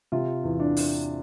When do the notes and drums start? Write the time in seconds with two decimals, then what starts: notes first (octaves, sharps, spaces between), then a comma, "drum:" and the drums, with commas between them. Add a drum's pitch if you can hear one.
0.12 C3 F4
0.44 E2
0.59 D4
0.77 drum: open hi-hat